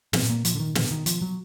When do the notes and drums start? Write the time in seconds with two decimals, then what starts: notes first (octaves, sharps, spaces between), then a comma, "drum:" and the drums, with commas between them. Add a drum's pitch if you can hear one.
0.13 A#2 C4, drum: snare
0.30 A#3
0.45 F3, drum: hi-hat
0.55 D3
0.60 D#3
0.75 B2 D3, drum: snare
0.91 D#3
1.06 F3, drum: hi-hat
1.22 F#3